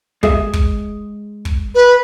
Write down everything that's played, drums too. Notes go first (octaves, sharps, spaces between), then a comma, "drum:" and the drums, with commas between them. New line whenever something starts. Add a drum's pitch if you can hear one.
G#3 G#4 E5, drum: kick
drum: kick
drum: kick
B4